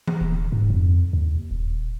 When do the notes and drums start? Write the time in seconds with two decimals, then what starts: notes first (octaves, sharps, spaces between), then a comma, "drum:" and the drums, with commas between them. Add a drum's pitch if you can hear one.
0.07 drum: tom E3
0.21 D#1
0.52 G#2
0.70 F2
1.13 D#2
1.51 D#1